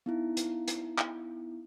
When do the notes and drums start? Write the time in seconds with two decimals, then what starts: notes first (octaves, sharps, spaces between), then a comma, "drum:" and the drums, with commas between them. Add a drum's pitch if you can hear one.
0.06 B3 D#4 E4
0.37 drum: hi-hat
0.68 drum: hi-hat
0.98 drum: clap